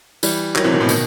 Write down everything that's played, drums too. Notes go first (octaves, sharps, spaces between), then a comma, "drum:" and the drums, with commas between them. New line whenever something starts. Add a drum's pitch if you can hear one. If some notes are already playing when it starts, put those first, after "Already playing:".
E3 G3, drum: tambourine
D#3 F#3, drum: clap
C3 E3
B2 D#3
A2 C3
B2 D#3, drum: tambourine